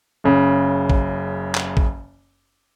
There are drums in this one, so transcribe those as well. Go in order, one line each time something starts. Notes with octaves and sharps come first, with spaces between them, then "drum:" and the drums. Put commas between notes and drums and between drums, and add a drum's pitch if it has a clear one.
F#1 C#3
drum: kick
drum: clap
drum: kick